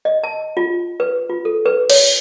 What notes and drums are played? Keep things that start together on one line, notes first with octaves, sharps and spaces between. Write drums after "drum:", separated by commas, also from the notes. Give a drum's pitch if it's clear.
D#5
A5
F4
B4
F4
A4
B4
C#5, drum: cymbal